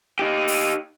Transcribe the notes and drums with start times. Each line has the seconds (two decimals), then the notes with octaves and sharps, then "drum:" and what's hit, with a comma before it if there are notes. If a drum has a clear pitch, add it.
0.19 D#4 G4
0.48 drum: open hi-hat